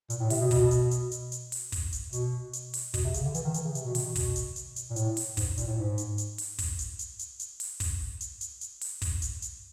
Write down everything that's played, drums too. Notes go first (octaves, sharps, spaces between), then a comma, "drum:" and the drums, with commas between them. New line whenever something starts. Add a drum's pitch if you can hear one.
A#2, drum: hi-hat
A2
C3, drum: open hi-hat
B2
B2, drum: kick, open hi-hat
drum: hi-hat
drum: hi-hat
drum: hi-hat
drum: hi-hat
drum: open hi-hat
drum: kick, open hi-hat
drum: hi-hat
B2, drum: hi-hat
drum: hi-hat
drum: open hi-hat
B2, drum: kick, open hi-hat
C3
C#3, drum: hi-hat
D3
E3, drum: hi-hat
D#3
E3, drum: hi-hat
C#3
C3, drum: hi-hat
B2
D#3, drum: open hi-hat
B2
B2, drum: kick, open hi-hat
drum: hi-hat
drum: hi-hat
drum: hi-hat
A#2
A2, drum: hi-hat
drum: open hi-hat
G#2, drum: kick, open hi-hat
A#2, drum: hi-hat
A2
G#2
drum: hi-hat
drum: hi-hat
drum: open hi-hat
drum: kick, open hi-hat
drum: hi-hat
drum: hi-hat
drum: hi-hat
drum: hi-hat
drum: open hi-hat
drum: kick, open hi-hat
drum: hi-hat
drum: hi-hat
drum: hi-hat
drum: open hi-hat
drum: kick, open hi-hat
drum: hi-hat
drum: hi-hat